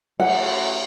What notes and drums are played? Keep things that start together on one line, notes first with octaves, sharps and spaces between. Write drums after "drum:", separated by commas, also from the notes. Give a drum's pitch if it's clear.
F#2 A2 F#5, drum: cymbal